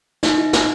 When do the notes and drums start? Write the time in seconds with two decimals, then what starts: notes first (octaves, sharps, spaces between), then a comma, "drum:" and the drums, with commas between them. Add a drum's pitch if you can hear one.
0.23 D#4, drum: snare
0.38 E4
0.53 D#4, drum: snare